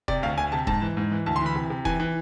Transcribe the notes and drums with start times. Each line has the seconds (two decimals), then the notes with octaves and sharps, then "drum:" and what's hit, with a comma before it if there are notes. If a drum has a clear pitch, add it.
0.08 C3 D5, drum: kick E1
0.23 D2 F5
0.37 D2 G#5
0.52 C3 A5
0.67 G#2 A5, drum: kick E1
0.82 E3
0.97 G#2
1.12 E3
1.26 D2 A5
1.36 C6
1.41 E3 B5
1.55 C3
1.70 C3
1.85 E3 G#5, drum: kick E1
2.00 E3